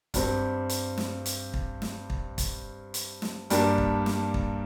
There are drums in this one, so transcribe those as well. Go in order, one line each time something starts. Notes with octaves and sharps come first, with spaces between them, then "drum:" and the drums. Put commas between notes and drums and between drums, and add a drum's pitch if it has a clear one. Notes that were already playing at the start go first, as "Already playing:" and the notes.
G2 G3 C4, drum: kick, hi-hat
drum: hi-hat
drum: snare
drum: hi-hat
drum: kick
drum: snare
drum: kick
drum: kick, hi-hat
drum: hi-hat
drum: snare
G2 G3 A#3 D4, drum: hi-hat
drum: kick
drum: snare
drum: kick